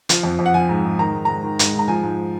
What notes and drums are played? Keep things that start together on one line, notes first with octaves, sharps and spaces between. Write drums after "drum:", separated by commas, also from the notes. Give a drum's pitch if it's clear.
F3, drum: hi-hat
F2
F2
F#5
F3 G#5
G#2
G#2
D#3 A#5
G#2
G#2 A#5
D#3
G#2, drum: hi-hat
G#2 A#5
F3 G#5
G#2